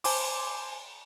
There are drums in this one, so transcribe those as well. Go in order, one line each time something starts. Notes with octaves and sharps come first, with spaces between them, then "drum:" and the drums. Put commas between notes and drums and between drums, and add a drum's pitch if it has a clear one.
C5 G#5 A5 C6 D6, drum: open hi-hat